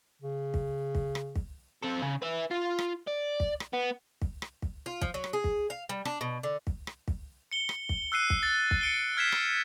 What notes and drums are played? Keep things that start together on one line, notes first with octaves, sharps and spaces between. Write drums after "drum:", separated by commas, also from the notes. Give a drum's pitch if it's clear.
C#3
drum: kick
drum: kick
drum: rim click
drum: kick
C4 A4
C#3
B4 E5
F4
drum: rim click
D5
drum: kick
drum: rim click
B3
drum: kick
drum: rim click
drum: kick
F4
F3, drum: kick
F#3
drum: rim click
G#4
drum: kick
F5
G3
D4, drum: rim click
B2
D3
drum: kick
drum: rim click
drum: kick
C#7 G7
drum: rim click
drum: kick
E6 F#6 C7 D#7
drum: kick
A6
drum: kick
C#7 D7 G7
F6 G#6 B6 C7 E7
drum: rim click